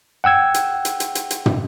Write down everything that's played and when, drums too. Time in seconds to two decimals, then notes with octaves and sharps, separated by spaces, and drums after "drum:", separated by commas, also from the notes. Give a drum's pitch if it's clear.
0.24 F#5 G5 E6 G#6
0.54 drum: hi-hat
0.85 drum: hi-hat
1.00 drum: hi-hat
1.15 drum: hi-hat
1.31 drum: hi-hat
1.46 drum: tom